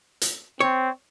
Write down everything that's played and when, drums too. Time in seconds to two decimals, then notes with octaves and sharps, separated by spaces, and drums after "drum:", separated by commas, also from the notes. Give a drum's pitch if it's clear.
0.21 drum: hi-hat
0.60 C4 C#5